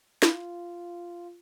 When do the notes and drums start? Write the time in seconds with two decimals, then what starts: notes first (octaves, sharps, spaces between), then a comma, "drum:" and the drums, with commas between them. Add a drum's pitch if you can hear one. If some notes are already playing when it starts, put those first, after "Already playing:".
0.22 F4, drum: snare